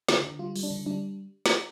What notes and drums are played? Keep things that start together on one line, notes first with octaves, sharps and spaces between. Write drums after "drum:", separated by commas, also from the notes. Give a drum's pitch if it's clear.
D3, drum: snare
D3
G3 F4
G3, drum: open hi-hat
D4
D3
G3 D4
drum: snare